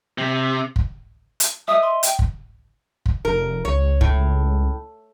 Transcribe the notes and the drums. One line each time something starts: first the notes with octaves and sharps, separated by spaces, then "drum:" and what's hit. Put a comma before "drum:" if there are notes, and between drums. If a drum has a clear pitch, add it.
C3
drum: kick
drum: hi-hat
D#5 E5 D#6
C6
G5, drum: hi-hat
drum: kick
drum: kick
F1 A#4
C#2 C#5
A2, drum: kick